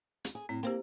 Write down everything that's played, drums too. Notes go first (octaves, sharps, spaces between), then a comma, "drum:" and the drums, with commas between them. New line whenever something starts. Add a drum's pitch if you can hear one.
drum: hi-hat
G#4
A2 C4
A#3 G4 C5 G5